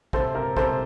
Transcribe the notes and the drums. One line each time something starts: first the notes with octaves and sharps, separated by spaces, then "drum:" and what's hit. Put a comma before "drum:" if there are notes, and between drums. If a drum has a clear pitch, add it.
C3 A4 C5, drum: kick
C3 A#4
C3 A4 C5, drum: kick